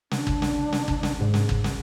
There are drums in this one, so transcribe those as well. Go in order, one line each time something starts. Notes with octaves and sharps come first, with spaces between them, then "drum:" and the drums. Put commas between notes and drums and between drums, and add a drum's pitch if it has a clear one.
D4, drum: snare
drum: kick G1
drum: snare
drum: snare
drum: kick G1
drum: snare
G#2
drum: snare
drum: kick G1
drum: snare